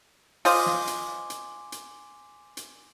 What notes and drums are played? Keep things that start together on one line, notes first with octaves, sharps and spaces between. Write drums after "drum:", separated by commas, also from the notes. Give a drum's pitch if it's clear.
F4 C5 D#5 G#5 C6 D6, drum: open hi-hat
drum: snare
drum: hi-hat
drum: hi-hat
drum: hi-hat
drum: hi-hat